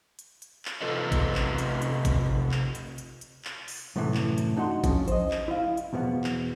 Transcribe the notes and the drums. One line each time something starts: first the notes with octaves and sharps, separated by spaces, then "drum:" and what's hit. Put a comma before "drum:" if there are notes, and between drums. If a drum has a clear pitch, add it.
drum: hi-hat
drum: hi-hat
drum: clap
C3 F4 A4 B4 D#5
drum: kick A1, hi-hat
drum: clap
drum: hi-hat
drum: hi-hat
drum: kick A1, hi-hat
drum: clap
drum: hi-hat
drum: hi-hat
drum: hi-hat
drum: clap
drum: open hi-hat
F#2 A2 C3 E3
drum: clap
drum: hi-hat
D4 D#4 F#4 F#5 C6
F3 C#4, drum: kick A1, hi-hat
C5 D#5, drum: hi-hat
drum: clap
E4 F5
drum: hi-hat
E2 B2 F3 B3
drum: clap